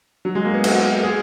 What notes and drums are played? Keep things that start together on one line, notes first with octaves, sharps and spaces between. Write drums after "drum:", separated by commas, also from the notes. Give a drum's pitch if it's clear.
F#3
G#3
A#3
B3
F#4, drum: cymbal
G#4